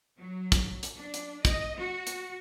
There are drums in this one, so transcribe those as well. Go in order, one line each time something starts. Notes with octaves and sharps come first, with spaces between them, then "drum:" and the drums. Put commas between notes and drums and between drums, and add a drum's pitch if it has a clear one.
F#3
drum: kick, hi-hat
drum: hi-hat
D4
drum: hi-hat
D#5, drum: kick, hi-hat
F#4
drum: hi-hat